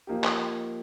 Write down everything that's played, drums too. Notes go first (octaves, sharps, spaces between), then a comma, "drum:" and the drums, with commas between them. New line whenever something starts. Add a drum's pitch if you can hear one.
F3 A#3 D#4 G4
drum: clap